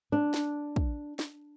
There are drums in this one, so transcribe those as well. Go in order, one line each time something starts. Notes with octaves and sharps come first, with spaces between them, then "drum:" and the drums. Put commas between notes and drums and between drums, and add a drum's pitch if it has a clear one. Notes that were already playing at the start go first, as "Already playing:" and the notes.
D4
drum: snare
drum: kick
drum: snare